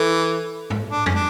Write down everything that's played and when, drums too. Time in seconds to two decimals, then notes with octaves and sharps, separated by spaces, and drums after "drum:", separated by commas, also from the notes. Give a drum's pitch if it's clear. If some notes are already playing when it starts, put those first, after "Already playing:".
Already playing: E3 A4
0.70 drum: tom G#2
0.90 D4
1.06 C#4, drum: tom F2
1.15 D4